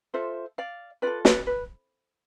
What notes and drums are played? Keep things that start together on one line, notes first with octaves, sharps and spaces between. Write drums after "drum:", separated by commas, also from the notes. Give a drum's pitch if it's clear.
F4 A4 C5 E5
D5 F5
F4 A4 B4 D5
B4 D5, drum: snare
B4